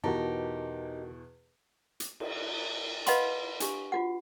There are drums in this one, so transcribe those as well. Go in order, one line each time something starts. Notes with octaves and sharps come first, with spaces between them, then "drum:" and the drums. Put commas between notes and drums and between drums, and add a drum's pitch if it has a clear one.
E2 B2 D#4 F#4 G4 A#4 A5
drum: hi-hat
drum: cymbal
B4 D#5 F5 F#5 B5 C6, drum: hi-hat
D4 G4, drum: hi-hat
F4 F#4 F#5